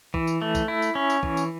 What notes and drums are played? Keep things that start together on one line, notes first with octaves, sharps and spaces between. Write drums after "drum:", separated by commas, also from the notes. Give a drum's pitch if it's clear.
E3, drum: kick
drum: tambourine
A3
drum: kick, tambourine
E4
drum: tambourine
C#4
drum: tambourine
E3, drum: kick
drum: tambourine